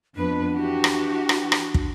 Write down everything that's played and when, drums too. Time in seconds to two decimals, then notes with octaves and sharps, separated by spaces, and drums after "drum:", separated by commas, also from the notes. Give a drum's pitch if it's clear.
0.16 F2 B3 D4 B4
0.55 E3 F#4 G4
0.84 drum: rim click
1.29 drum: rim click
1.52 drum: rim click
1.74 drum: kick